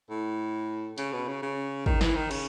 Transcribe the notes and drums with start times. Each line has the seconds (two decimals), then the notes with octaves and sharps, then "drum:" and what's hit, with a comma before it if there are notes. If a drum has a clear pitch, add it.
0.10 A2
0.98 C#3, drum: hi-hat
1.13 B2
1.28 C#3
1.42 C#3
1.86 D#3, drum: kick
2.01 E3, drum: snare
2.15 D#3
2.31 C#3, drum: cymbal